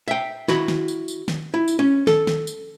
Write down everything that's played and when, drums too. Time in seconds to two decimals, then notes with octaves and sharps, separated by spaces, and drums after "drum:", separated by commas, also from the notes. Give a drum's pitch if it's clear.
0.08 E5 G5
0.48 E4 F#4 B5, drum: snare
0.68 drum: snare
0.88 drum: tambourine
1.08 drum: tambourine
1.28 drum: snare
1.54 E4
1.68 drum: tambourine
1.79 C#4
2.07 A4, drum: snare
2.27 drum: snare
2.47 drum: tambourine